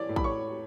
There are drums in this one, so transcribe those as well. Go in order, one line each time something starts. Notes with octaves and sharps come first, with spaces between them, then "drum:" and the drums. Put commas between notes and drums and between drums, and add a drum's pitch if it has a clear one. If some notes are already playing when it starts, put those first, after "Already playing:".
Already playing: E3 C#5 D5 D6
A2
B5, drum: kick A#1
C#5 C#6